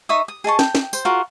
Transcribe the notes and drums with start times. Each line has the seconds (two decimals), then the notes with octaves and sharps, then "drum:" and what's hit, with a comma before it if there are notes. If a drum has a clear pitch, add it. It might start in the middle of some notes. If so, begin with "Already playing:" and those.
0.09 D#4 E5 C#6 D#6
0.28 D#6
0.44 G#4 D#5 A5 C#6
0.59 G5, drum: snare
0.75 drum: snare
0.93 C5, drum: tambourine
1.05 F4 F#4 G#4 A#4